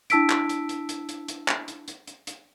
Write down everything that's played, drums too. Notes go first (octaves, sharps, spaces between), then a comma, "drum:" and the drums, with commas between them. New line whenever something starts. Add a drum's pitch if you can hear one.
D4 E4 A5 E6 B6 D7, drum: hi-hat
drum: clap
drum: hi-hat
drum: hi-hat
drum: hi-hat
drum: hi-hat
drum: hi-hat
drum: clap
drum: hi-hat
drum: hi-hat
drum: hi-hat
drum: hi-hat